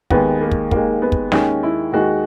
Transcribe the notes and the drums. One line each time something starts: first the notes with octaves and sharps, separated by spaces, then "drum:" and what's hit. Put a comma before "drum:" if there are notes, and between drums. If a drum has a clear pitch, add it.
D#2 D#3 G#3 B3, drum: kick
A#3
drum: kick
D#2 D#3 G#3 A#3, drum: kick
B3
drum: kick
D#2 D#3 G#3 C#4, drum: snare
E4
D#2 D#3 G#3 F#4